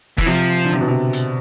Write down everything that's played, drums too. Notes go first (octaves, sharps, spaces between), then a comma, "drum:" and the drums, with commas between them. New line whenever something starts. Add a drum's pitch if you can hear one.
E3, drum: kick
C3 F3
D3
C3
B2
C3
drum: hi-hat